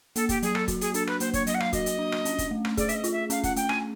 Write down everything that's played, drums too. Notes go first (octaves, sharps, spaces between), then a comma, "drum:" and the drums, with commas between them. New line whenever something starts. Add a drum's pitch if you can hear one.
A#3 A4, drum: hi-hat
G4, drum: kick, hi-hat
F#3 G#4, drum: hi-hat
A4, drum: rim click
F#4, drum: kick, hi-hat
G#4, drum: hi-hat
D4 A4, drum: hi-hat
B4, drum: rim click
A#3 C5, drum: hi-hat
C#5, drum: kick, hi-hat
F#3 D#5, drum: hi-hat
F#5
F5, drum: rim click
F#4 D#5, drum: kick, hi-hat
drum: hi-hat
D4
drum: rim click
C#4, drum: hi-hat
drum: kick, hi-hat
A3
drum: rim click
G#4 D5, drum: kick, hi-hat
E5, drum: hi-hat
D#5
F4, drum: hi-hat
E5
C#4 F5, drum: hi-hat
F#5, drum: kick, hi-hat
A3 G5, drum: hi-hat
G#5, drum: rim click